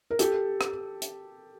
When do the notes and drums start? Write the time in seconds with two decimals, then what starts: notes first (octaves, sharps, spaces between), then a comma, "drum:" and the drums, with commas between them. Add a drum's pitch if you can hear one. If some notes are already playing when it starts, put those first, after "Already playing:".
0.11 A#4
0.19 G4 A4, drum: hi-hat
0.61 drum: rim click
1.02 drum: hi-hat